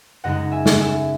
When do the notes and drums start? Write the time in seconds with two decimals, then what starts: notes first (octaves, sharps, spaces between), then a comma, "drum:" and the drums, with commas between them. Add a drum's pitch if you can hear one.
0.24 F#2 C#3 G#3 D#4 D#5 F#5
0.51 E5 G#5
0.66 drum: snare
0.79 E5 G#5